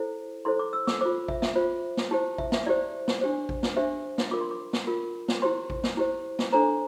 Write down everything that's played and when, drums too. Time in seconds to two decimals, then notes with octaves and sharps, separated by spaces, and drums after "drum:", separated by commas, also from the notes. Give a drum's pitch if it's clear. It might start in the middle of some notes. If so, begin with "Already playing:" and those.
Already playing: E4 A4 C5
0.45 E4 A4 C5 C6
0.59 D6
0.73 E6
0.87 D6, drum: snare
1.01 F4 C5 D6
1.28 E5, drum: kick A1
1.42 E5, drum: snare
1.55 F4 C5
1.97 drum: snare
2.11 E4 G4 C5 A5
2.38 E5, drum: kick A1
2.52 E5, drum: snare
2.66 E4 G4 C5 D5
3.08 drum: snare
3.21 D4 G4 C5
3.49 drum: kick A1
3.63 drum: snare
3.77 D4 G4 C5 E5
4.18 drum: snare
4.31 F4 A#4 D6
4.41 C6
4.51 D6
4.73 drum: snare
4.87 F4 A#4
5.28 drum: snare
5.42 E4 G4 C5 C6
5.70 drum: kick A1
5.84 drum: snare
5.97 E4 G4 C5
6.39 drum: snare
6.53 D4 A4 C5 A#5